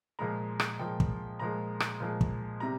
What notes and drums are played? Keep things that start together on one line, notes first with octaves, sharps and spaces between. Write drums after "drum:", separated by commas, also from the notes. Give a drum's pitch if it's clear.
A#2 F3 G#3 A#5
drum: rim click
A#2 F3 G#3 G5
drum: kick
A#2 F3 G#3 A#5
drum: rim click
A#2 F3 G#3
drum: kick
C3 G3 A#5